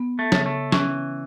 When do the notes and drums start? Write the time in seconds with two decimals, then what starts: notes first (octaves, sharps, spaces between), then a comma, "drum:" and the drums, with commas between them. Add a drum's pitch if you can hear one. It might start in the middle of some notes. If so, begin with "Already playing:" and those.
Already playing: B3
0.19 A3
0.32 C#3, drum: snare
0.46 A3
0.72 E3 C#4, drum: snare